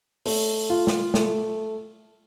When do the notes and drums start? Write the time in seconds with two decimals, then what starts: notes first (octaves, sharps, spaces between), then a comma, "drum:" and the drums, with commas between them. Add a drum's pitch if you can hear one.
0.26 A3, drum: open hi-hat
0.70 F4
0.87 drum: snare
1.14 A3, drum: snare